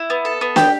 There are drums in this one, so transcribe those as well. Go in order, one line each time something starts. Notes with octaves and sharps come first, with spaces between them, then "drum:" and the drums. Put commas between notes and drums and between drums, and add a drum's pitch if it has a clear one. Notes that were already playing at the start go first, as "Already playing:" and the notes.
Already playing: E4
B3
A4
B3
G4 G5, drum: snare